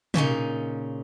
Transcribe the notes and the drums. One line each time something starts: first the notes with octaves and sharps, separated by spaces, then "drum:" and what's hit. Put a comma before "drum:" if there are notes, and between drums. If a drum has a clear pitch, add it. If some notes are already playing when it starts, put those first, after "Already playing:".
A#2 C#3 C#4 D#4, drum: tom